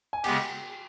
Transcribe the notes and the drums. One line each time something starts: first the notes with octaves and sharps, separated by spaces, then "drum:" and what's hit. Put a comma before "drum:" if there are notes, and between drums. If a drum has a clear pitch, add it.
G#5
C#3 G#3 B3 G4 G5, drum: cymbal